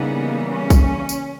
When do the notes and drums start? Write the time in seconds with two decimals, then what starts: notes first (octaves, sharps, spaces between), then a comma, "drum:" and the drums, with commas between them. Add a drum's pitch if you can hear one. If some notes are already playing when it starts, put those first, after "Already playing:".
Already playing: C#3 E3 G3 A#3 B3 D#4
0.51 C#4
0.70 drum: kick, tambourine
1.09 drum: tambourine